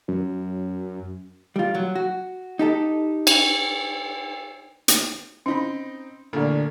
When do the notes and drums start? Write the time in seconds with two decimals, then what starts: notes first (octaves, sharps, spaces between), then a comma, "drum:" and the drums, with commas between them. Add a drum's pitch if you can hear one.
0.08 F#2
1.56 G3 F4
1.75 F#3
1.95 F#4
2.59 D#4 G4 A4
3.27 drum: cymbal
4.88 drum: hi-hat
5.46 C4 C#4 D#4 B5
6.33 A1 A#2 D3